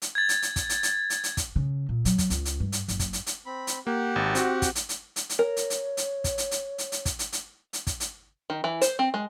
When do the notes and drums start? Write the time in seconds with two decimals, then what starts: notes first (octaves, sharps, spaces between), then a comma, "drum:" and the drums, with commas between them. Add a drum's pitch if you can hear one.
0.02 drum: hi-hat
0.15 G#6 A6
0.29 drum: hi-hat
0.42 drum: hi-hat
0.56 drum: kick, hi-hat
0.69 drum: hi-hat
0.83 drum: hi-hat
1.10 drum: hi-hat
1.24 drum: hi-hat
1.37 drum: kick, hi-hat
1.56 C#3
1.89 A#2
2.05 F#3, drum: hi-hat
2.18 drum: kick, hi-hat
2.30 C#2, drum: hi-hat
2.45 drum: hi-hat
2.60 G2
2.72 drum: hi-hat
2.88 F#1, drum: hi-hat
2.99 drum: kick, hi-hat
3.13 drum: hi-hat
3.27 drum: hi-hat
3.46 C4 B5
3.67 drum: hi-hat
3.87 A#3 G4 F#5
4.16 G#1
4.35 C4 F#4, drum: hi-hat
4.62 drum: kick, hi-hat
4.75 drum: hi-hat
4.89 drum: hi-hat
5.16 drum: hi-hat
5.30 drum: hi-hat
5.39 A#4 C#5
5.57 drum: hi-hat
5.70 drum: hi-hat
5.97 drum: hi-hat
6.24 drum: kick, hi-hat
6.38 drum: hi-hat
6.51 drum: hi-hat
6.78 drum: hi-hat
6.92 drum: hi-hat
7.05 drum: kick, hi-hat
7.19 drum: hi-hat
7.33 drum: hi-hat
7.73 drum: hi-hat
7.87 drum: kick, hi-hat
8.00 drum: hi-hat
8.50 D#3
8.64 E3
8.81 C5, drum: hi-hat
8.99 C4
9.14 G#3